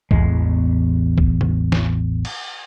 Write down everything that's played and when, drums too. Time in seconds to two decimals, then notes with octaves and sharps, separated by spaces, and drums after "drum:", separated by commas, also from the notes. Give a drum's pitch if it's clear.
0.11 A1 E2 G#3, drum: kick
1.18 drum: kick
1.41 drum: tom
1.72 drum: snare
2.25 drum: cymbal